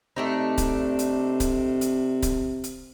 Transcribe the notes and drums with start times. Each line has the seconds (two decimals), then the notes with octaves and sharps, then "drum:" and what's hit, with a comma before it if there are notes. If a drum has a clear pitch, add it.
0.16 C3 A3 D4 D#4
0.58 drum: kick C#1, hi-hat
0.99 drum: hi-hat
1.40 drum: kick C#1, hi-hat
1.81 drum: hi-hat
2.23 drum: kick C#1, hi-hat
2.64 drum: hi-hat